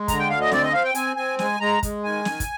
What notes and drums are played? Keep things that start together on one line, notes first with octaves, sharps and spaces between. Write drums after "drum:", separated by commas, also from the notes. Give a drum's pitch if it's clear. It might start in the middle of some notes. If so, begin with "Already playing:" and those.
Already playing: G#3
D3 A#5, drum: kick, hi-hat
G5
D2 F5
D#5
C4 D5, drum: snare
D#5
C4 F5
G5
C4 G#5, drum: hi-hat
C4 G#5
G#3 G#5, drum: snare
G#3 A#5
G#3, drum: kick, hi-hat
D#3 G#5
D#3, drum: snare
drum: kick, hi-hat